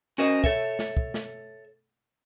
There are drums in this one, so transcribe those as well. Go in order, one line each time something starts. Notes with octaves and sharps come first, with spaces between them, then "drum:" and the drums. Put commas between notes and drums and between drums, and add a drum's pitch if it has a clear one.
C#4 F#4 A#4 C5 D#5
A4 C#5 E5, drum: kick
drum: snare
drum: kick
drum: snare